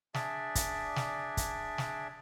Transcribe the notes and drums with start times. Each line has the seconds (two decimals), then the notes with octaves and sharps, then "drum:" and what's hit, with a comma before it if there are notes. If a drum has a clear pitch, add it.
0.14 D4 G#4 D5 E5, drum: snare
0.55 drum: kick, hi-hat
0.96 drum: snare
1.37 drum: kick, hi-hat
1.78 drum: snare